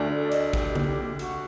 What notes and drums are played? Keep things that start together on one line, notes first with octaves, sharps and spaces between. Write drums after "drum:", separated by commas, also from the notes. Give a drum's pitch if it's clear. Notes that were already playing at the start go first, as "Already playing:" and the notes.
Already playing: D2 D3 A3 D4 A4
D5
D#5, drum: hi-hat
G4, drum: kick, hi-hat
drum: tom C#3
F#4, drum: hi-hat